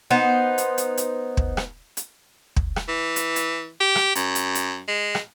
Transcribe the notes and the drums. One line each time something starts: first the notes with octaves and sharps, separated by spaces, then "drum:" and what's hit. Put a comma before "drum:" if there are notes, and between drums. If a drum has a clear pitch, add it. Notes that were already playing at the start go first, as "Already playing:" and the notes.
B3 D#4 C5
drum: hi-hat
drum: hi-hat
drum: hi-hat
drum: kick
drum: rim click
drum: hi-hat
drum: kick
drum: rim click
E3
drum: hi-hat
drum: hi-hat
G4
drum: rim click
F#2, drum: hi-hat
drum: hi-hat
drum: hi-hat
G#3
drum: rim click